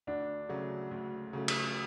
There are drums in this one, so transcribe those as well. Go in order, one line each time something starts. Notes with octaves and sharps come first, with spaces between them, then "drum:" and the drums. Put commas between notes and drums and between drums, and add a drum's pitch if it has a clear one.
D2 D4
C#3 F#3 A3
D2
C#3 F#3 A3
drum: cymbal